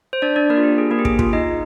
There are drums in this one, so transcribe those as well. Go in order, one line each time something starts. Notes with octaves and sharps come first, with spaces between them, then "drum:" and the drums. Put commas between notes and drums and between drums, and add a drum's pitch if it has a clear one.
C5
D4 D5
D4 D5
A#3 A#4
F4
G4
G#4
A#3 A#4
G4
G#4, drum: kick
F4, drum: kick
D#4 D#5